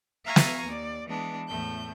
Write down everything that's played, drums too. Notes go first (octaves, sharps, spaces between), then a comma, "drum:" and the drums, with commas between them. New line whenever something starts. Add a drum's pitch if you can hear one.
E5 F5 G#5 A#5 C#6
drum: snare
D#2 D5
E3 G#3 B3 D4
E2 A2 A3 G6